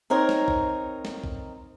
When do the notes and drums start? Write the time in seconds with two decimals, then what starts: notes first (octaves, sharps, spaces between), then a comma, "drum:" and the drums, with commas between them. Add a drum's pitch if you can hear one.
0.10 C4 D#4 A#4 C#5
0.29 drum: snare
0.48 drum: kick
1.05 drum: snare
1.24 drum: kick